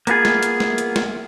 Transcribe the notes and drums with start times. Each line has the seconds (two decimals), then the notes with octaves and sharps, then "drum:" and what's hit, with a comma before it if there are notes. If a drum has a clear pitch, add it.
0.07 A#3 B3 F4 G#4, drum: hi-hat
0.25 drum: snare
0.43 drum: hi-hat
0.60 drum: snare
0.78 drum: hi-hat
0.96 drum: snare